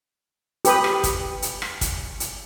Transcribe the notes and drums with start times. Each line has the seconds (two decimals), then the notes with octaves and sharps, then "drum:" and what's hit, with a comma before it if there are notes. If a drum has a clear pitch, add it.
0.65 G4 B4 B5 D#6, drum: hi-hat
0.84 drum: rim click
1.03 drum: kick, hi-hat
1.42 drum: hi-hat
1.62 drum: rim click
1.81 drum: kick, hi-hat
2.20 drum: hi-hat